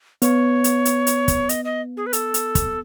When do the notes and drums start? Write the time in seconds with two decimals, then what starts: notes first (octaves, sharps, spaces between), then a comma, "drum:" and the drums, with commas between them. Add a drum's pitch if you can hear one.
0.22 B3 C#5, drum: hi-hat
0.64 drum: hi-hat
0.85 drum: hi-hat
1.07 drum: hi-hat
1.28 drum: kick, hi-hat
1.49 D#5, drum: hi-hat
1.65 D#5
1.97 G#4
2.06 B4
2.13 A4, drum: hi-hat
2.34 drum: hi-hat
2.55 drum: kick, hi-hat